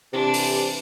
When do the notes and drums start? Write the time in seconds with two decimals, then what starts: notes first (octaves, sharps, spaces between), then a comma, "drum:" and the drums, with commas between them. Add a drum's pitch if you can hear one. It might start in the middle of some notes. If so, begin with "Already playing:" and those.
0.13 C3 E3 D4
0.34 drum: open hi-hat